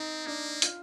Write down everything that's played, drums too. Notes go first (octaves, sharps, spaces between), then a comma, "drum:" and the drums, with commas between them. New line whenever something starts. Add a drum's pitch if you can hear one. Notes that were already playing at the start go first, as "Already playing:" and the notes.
Already playing: C4 D#4
A#3 D4
F4, drum: hi-hat